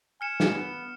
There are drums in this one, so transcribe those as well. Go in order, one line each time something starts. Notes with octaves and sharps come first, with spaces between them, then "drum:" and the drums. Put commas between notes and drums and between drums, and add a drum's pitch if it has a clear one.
G#5 F6 C#7 E7
drum: snare
B3